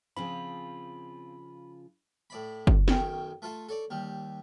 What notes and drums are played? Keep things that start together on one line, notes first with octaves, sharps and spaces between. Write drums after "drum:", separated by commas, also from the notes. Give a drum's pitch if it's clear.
C#3 F3 C4 F4 G#4 B5
A2 D5 B5
drum: kick F#1
B1 F#2 D#3 C#4 G5, drum: snare B3
A3 F4 A4 F5
A4 C#5 D5
D#2 G3